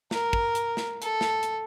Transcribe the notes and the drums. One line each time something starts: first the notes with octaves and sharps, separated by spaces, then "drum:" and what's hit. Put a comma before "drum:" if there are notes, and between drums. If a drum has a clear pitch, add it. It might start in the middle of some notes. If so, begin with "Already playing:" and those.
A#4, drum: snare
drum: kick
drum: hi-hat
drum: snare
A4, drum: hi-hat
drum: snare
drum: hi-hat